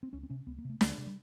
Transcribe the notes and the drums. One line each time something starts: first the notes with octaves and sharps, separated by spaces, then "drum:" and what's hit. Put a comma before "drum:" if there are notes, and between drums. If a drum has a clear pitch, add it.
C4
C#2 C#4
C4
C3 C#4
C#2 B3
A#3
C3 A3
D2 A3, drum: snare
C3
G3